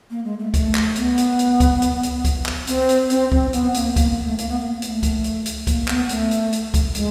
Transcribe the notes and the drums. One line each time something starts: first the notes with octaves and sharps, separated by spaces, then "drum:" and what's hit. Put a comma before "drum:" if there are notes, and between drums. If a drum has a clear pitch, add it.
A#3
G#3
A3
A3, drum: kick C#2, hi-hat
drum: clap
B3, drum: hi-hat
drum: hi-hat
drum: hi-hat
drum: kick C#2, hi-hat
drum: hi-hat
drum: hi-hat
drum: kick C#2, hi-hat
drum: clap
C4, drum: hi-hat
drum: hi-hat
C4, drum: hi-hat
C4, drum: kick C#2
B3, drum: hi-hat
A#3, drum: hi-hat
A#3, drum: kick C#2, hi-hat
A3
A#3, drum: hi-hat
B3
A#3
A3, drum: hi-hat
drum: kick C#2, hi-hat
drum: hi-hat
drum: hi-hat
A#3, drum: kick C#2, hi-hat
B3, drum: clap
A3, drum: hi-hat
drum: hi-hat
drum: hi-hat
drum: kick C#2, hi-hat
G#3, drum: hi-hat